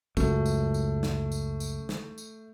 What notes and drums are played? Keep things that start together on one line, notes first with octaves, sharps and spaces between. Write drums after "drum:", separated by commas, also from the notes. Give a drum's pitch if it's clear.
C#2 F#2 A3, drum: kick, tambourine
drum: tambourine
drum: tambourine
drum: snare
drum: tambourine
drum: tambourine
drum: snare
drum: tambourine